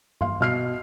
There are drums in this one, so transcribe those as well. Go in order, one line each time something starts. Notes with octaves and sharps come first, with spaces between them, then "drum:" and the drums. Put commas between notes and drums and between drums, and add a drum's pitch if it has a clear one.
F5 C6, drum: tom G2
B2 F6 C7